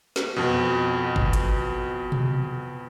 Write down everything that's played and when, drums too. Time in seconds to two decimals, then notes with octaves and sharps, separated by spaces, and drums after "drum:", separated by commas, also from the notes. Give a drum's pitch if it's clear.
0.16 drum: snare
0.36 F2 B2
1.16 drum: kick G1
1.33 drum: hi-hat
2.12 drum: tom B2